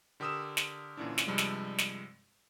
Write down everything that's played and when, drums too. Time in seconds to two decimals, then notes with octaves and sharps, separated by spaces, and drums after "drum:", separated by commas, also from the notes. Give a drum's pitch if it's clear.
0.20 D3 G4 A#4 D#6 E6 E7
0.57 drum: snare
0.97 A#2 D3 E3 C#4 D4
1.18 drum: snare
1.27 G2 C3 F3 G3 G#3
1.38 drum: snare
1.78 drum: snare